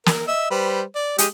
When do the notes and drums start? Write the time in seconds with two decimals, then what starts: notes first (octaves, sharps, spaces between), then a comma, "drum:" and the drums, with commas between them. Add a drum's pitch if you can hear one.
0.06 A#4, drum: snare
0.27 D#5 E5 E6
0.51 G3 B4 C5
0.96 D5
1.18 G#3 G4 D#6, drum: hi-hat